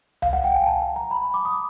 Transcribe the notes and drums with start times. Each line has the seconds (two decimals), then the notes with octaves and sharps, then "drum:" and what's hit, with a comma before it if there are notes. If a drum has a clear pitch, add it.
0.22 F5, drum: tom C2
0.33 F#5
0.44 G5
0.55 G#5
0.67 A5
0.82 A5
0.96 A#5
1.11 B5
1.34 D6
1.45 D#6